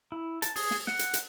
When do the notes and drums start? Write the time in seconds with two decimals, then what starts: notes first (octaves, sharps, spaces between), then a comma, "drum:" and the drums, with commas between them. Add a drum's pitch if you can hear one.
0.12 E4
0.42 A5, drum: hi-hat
0.56 G#4, drum: open hi-hat
0.71 drum: snare
0.87 F#5, drum: snare
0.99 drum: hi-hat
1.14 drum: hi-hat